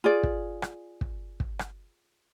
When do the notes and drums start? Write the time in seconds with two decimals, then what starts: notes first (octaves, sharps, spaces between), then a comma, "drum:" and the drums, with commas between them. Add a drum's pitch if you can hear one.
0.04 F4 G#4 D5
0.23 drum: kick
0.62 drum: rim click
1.01 drum: kick
1.40 drum: kick
1.59 drum: rim click